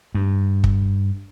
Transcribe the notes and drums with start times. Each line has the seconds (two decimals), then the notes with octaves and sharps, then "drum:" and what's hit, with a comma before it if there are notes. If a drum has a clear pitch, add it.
0.15 G2
0.64 drum: kick